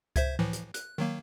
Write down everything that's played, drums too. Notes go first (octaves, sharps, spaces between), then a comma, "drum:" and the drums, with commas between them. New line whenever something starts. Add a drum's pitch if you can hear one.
C5 E5 G#6, drum: kick C#2, hi-hat
A2 E3 F3
drum: hi-hat
F#6, drum: hi-hat
D#3 F#3 A#3